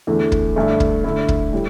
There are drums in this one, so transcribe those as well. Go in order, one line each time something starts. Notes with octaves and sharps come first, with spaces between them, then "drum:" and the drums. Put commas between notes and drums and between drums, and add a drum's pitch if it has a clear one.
E2 D3 A3
drum: kick
G2 D3 A3 E4
drum: kick
D3 A3 E4
drum: kick
A2 G3